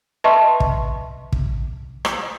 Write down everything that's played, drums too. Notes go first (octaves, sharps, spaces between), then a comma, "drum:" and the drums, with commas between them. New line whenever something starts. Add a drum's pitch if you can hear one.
B4 D#5 E5 A5 C6 C#6
drum: kick
drum: kick
drum: rim click